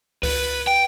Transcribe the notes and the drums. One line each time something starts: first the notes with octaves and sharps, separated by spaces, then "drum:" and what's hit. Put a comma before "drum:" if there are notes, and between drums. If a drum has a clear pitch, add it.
B4, drum: kick C#2, open hi-hat
G5